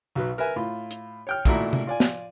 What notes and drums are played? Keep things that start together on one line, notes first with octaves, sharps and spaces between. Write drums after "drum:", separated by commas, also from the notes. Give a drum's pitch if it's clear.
B1 F#3 B4
A#4 B4 E5 G#5
A2 F4
drum: hi-hat
C#5 G5 F6
G#1 A#2 A3 E4 F#4 A#5, drum: kick, hi-hat
drum: tom C3
F4 D5 G#5
drum: snare